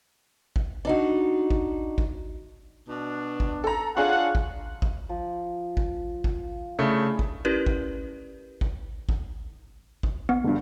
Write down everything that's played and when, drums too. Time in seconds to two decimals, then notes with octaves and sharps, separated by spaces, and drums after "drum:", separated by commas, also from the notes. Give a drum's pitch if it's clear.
0.56 drum: kick G#1
0.85 D4 D#4 F#4
1.50 drum: kick G#1
1.98 drum: kick G#1
2.89 B2 D4
3.40 drum: kick G#1
3.64 A4 A#5
3.97 D4 F4 G#4 C#5 F#5
4.35 drum: kick G#1
4.82 drum: kick G#1
5.09 F3
5.77 drum: kick G#1
6.24 drum: kick G#1
6.79 C#3 A3 D4 E4 G#4
7.19 drum: kick G#1
7.45 C#4 E4 G4 A#4 B4 D5
7.66 drum: kick G#1
8.61 drum: kick G#1
9.09 drum: kick G#1
10.03 drum: kick G#1
10.29 B3
10.44 G1 G2